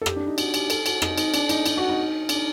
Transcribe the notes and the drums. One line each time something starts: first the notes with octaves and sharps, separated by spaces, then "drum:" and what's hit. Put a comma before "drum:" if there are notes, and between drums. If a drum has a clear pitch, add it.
A4
G4, drum: rim click
D4
D#4
F#4, drum: cymbal
G4, drum: cymbal
A4, drum: cymbal
F#4, drum: cymbal
D#4, drum: rim click
D#4, drum: cymbal
D4, drum: cymbal
D#4, drum: cymbal
D#4, drum: cymbal
F#4
D#4
D4, drum: cymbal